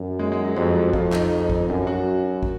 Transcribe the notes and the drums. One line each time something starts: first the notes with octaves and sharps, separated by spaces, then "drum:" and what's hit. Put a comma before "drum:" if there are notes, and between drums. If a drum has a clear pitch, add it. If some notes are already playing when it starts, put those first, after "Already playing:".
Already playing: F#2
G#3
G#3
F#3
F2 G#3
F#3
F2 F4, drum: kick
D#4, drum: clap
drum: kick
F#2
F#4
drum: kick